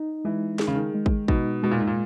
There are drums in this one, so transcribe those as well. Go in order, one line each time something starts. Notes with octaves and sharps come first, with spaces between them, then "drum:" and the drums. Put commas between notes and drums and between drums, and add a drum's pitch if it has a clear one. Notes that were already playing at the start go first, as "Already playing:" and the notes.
Already playing: D#4
E3 G#3
D#3 G#4, drum: snare
C#3
D#3
G#3
drum: kick
B2 D#4, drum: kick
B2 G#3
A#2
G#2
A#2